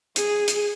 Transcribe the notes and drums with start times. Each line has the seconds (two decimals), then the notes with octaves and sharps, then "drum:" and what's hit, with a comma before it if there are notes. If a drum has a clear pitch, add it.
0.16 G#4, drum: hi-hat
0.48 drum: hi-hat